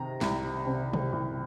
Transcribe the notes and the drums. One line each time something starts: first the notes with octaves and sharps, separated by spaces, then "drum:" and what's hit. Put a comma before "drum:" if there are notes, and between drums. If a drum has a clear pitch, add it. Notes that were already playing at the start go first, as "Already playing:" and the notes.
Already playing: C3 D#3 A#5
C2, drum: snare
C3
drum: tom C3
C2